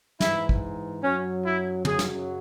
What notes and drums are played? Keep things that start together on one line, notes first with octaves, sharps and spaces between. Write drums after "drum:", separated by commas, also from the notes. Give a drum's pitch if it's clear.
G#2 E3 E4, drum: snare
drum: kick
F#2 F#3 C#4
E4
F#2 C#3 F#3 G#4, drum: tom
drum: snare